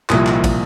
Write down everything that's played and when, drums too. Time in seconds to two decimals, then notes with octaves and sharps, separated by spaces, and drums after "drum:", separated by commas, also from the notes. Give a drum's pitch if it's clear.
0.10 C2 A#2 F3 D#6, drum: clap
0.27 drum: clap
0.44 drum: kick, cymbal